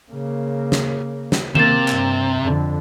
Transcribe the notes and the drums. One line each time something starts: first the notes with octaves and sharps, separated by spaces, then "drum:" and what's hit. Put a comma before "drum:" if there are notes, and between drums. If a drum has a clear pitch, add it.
C#3 A#3
drum: snare
drum: snare
C3 A#3 A6 E7, drum: tom D#3
G2, drum: clap
F2 D3